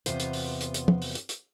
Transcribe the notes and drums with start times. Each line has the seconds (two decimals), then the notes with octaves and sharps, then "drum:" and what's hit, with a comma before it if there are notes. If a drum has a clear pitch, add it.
0.06 E2 C3 B3 F4 C5, drum: hi-hat
0.20 drum: hi-hat
0.33 drum: open hi-hat
0.61 drum: hi-hat
0.74 drum: hi-hat
0.88 drum: tom
1.02 drum: open hi-hat
1.15 drum: hi-hat
1.29 drum: hi-hat